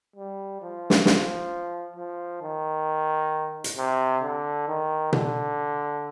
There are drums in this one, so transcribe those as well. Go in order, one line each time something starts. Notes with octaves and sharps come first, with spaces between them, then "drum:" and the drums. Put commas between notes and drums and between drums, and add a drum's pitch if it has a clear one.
G3
F3
drum: snare
F3, drum: snare
F3
D#3
drum: hi-hat
C3
D3
D#3
D3, drum: tom B2